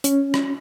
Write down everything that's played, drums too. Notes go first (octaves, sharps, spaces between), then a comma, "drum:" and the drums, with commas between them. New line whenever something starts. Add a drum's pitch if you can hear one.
C#4, drum: hi-hat
drum: rim click